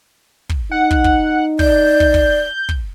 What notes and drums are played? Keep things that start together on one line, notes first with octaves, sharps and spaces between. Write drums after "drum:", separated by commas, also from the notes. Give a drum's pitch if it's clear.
drum: kick
D#4 F#5
drum: kick
drum: kick
D5 G6, drum: kick
drum: kick
drum: kick
drum: kick